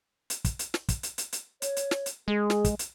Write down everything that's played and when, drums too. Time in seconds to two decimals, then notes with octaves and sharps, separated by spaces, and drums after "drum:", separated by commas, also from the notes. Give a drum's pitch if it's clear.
0.30 drum: hi-hat
0.45 drum: kick, hi-hat
0.59 drum: hi-hat
0.74 drum: snare
0.89 drum: kick, hi-hat
1.03 drum: hi-hat
1.18 drum: hi-hat
1.33 drum: hi-hat
1.62 C#5, drum: hi-hat
1.77 drum: hi-hat
1.91 drum: snare
2.06 drum: hi-hat
2.28 G#3 G#4
2.50 drum: snare
2.64 drum: kick, hi-hat
2.79 drum: hi-hat